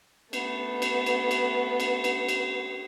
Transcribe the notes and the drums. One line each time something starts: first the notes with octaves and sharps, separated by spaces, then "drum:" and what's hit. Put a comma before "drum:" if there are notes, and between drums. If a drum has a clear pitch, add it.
A3 B3, drum: cymbal
drum: cymbal
drum: cymbal
drum: cymbal
drum: cymbal
drum: cymbal
drum: cymbal